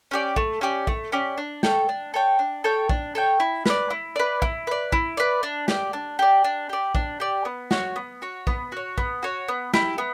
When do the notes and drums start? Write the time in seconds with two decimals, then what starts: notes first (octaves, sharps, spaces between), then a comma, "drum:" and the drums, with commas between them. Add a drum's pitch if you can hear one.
0.11 C#4 G4 D5
0.36 A3, drum: kick
0.61 C#4 G4 D5
0.87 A3, drum: kick
1.12 C#4 G4 D5
1.38 D4
1.63 A4 C#5 G5, drum: snare
1.89 D4
2.14 A4 C#5 G5
2.39 D4
2.64 A4 C#5 G5
2.89 D4, drum: kick
3.15 A4 C#5 G5
3.40 E4
3.66 B4 D5, drum: snare
3.90 E4
4.16 B4 D5
4.42 E4, drum: kick
4.67 B4 D5
4.92 E4, drum: kick
5.17 B4 D5
5.43 D4
5.68 G4 D5, drum: snare
5.93 D4
6.19 G4 D5
6.44 D4
6.69 G4 D5
6.95 D4, drum: kick
7.20 G4 D5
7.45 B3
7.71 F#4 C#5, drum: snare
7.96 B3
8.22 F#4 C#5
8.47 B3, drum: kick
8.72 F#4 C#5
8.98 B3, drum: kick
9.23 F#4 C#5
9.48 B3
9.74 E4 G4, drum: snare
9.98 B3